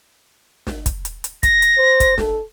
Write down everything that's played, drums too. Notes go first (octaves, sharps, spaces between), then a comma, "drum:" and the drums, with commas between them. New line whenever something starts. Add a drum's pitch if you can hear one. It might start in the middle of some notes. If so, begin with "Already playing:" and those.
drum: snare
drum: kick, hi-hat
drum: hi-hat
drum: hi-hat
A#6, drum: kick, hi-hat
drum: hi-hat
C5
drum: kick, hi-hat
A4, drum: snare